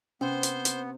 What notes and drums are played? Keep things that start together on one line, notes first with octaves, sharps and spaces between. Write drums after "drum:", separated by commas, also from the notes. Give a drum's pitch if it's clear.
C3 B3 C#4 C5
drum: hi-hat
drum: hi-hat